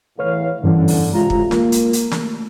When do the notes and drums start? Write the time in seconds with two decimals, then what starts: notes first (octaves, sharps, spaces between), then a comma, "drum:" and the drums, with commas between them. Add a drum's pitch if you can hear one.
0.19 E2 A2 B4 C#5 F5 F6
0.64 G1 G2 D3 E3 C#4
0.88 drum: open hi-hat
1.13 D2 C3 G#3 F4 A#5
1.30 drum: kick
1.51 A#3, drum: snare
1.72 drum: hi-hat
1.93 drum: hi-hat
2.11 A3, drum: snare